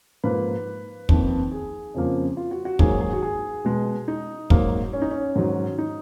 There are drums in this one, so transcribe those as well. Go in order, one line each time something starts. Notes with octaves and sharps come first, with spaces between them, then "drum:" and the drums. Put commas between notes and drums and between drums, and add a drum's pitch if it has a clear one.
G#2 F3 A#3 B4
F2 D#3 A#3, drum: kick
G#4
F2 C#3 F3 A#3
F4
F#4
F#4
G#2 D#3 F#3 A#3 G#4, drum: kick
G#4
F#4
G#4
B2 G#3
D#4
G#2 F#3 A#3, drum: kick
C#4
D#4
C#4
G#2 D#3 F#3
D#4